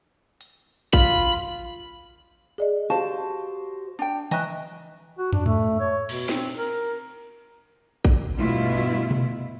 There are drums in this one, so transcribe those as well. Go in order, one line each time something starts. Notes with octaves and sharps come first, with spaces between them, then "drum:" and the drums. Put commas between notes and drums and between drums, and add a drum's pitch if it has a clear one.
drum: hi-hat
F4 B5, drum: kick
G#4 D5 D#5
F#4 G4 C5 F5 A5
D4 G5
E3 D#5 E5 G5 G#5 A#5 C#6 F#6, drum: hi-hat
F#4
D4, drum: tom
A3, drum: tom G#2
C#5
B2, drum: cymbal
C4, drum: snare
A#4
drum: kick
D2 G2 B2 E4 F4
drum: tom B2